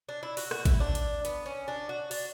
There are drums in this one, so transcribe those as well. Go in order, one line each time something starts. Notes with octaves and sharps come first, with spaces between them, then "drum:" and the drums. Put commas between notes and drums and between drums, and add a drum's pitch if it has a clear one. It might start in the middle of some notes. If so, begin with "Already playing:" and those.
D4
E4
F#4, drum: open hi-hat
F#4, drum: rim click
E4, drum: kick A1, hi-hat
D4
drum: hi-hat
B3, drum: hi-hat
C#4
D4
F#4
D4, drum: open hi-hat